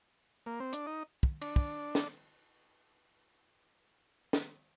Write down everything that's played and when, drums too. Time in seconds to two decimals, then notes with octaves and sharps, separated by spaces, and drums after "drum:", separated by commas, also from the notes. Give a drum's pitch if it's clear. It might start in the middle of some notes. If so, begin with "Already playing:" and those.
0.46 A#3
0.60 C4
0.73 D4, drum: hi-hat
0.86 D#4
1.23 drum: kick
1.41 D4, drum: cymbal
1.56 drum: kick
1.95 drum: snare
4.33 drum: snare